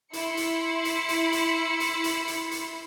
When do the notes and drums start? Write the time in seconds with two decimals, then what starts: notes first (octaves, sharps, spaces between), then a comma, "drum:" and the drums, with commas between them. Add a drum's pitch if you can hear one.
0.13 E4 B5 C6 C#7, drum: hi-hat
0.37 drum: hi-hat
0.85 drum: hi-hat
1.09 drum: hi-hat
1.32 drum: hi-hat
1.80 drum: hi-hat
2.04 drum: hi-hat
2.28 drum: hi-hat
2.51 drum: hi-hat